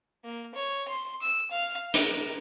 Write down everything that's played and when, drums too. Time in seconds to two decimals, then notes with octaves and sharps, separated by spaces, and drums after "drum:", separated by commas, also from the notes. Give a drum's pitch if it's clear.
0.25 A#3
0.55 C#5
0.88 C6
1.22 E6
1.51 F5
1.94 A#4, drum: hi-hat